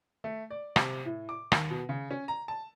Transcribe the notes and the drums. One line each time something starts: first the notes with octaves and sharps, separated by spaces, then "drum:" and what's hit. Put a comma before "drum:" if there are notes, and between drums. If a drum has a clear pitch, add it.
A3
D5
C3, drum: rim click
A2
D6
D#2, drum: rim click
B2
C#3
C#4
A#5
A5